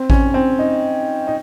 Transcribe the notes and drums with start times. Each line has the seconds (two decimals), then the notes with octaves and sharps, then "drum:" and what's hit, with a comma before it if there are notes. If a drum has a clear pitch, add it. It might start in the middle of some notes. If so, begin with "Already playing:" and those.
Already playing: C4
0.10 C#4, drum: kick A1
0.34 C4
0.59 D#4
1.27 D#4